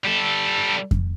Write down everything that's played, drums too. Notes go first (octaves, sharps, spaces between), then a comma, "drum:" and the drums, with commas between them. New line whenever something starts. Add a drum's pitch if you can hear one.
G3 A4
drum: kick F2